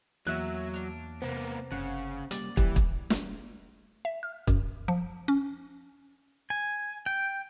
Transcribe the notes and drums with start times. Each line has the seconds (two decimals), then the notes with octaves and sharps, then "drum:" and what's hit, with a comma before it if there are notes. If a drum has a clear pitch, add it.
0.27 E2 F#3 A#3 C#4 E5 F#6
0.74 D4 F6
1.22 C3 A#3 B3 C5
1.72 F#1 C#3 F#5
2.31 G3 A#3 C#4 D5, drum: hi-hat
2.57 E3 G3 G4, drum: kick
2.76 drum: kick
3.10 drum: snare
4.05 E5
4.23 F6
4.47 F#2, drum: kick
4.88 F3
5.28 C#4
6.50 G#5
7.06 G5